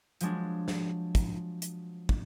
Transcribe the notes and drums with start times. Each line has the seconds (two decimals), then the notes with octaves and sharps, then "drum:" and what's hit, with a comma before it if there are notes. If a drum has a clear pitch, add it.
0.21 F3 F#3 G#3 D4, drum: hi-hat
0.68 drum: snare
1.15 drum: kick, hi-hat
1.62 drum: hi-hat
2.09 drum: kick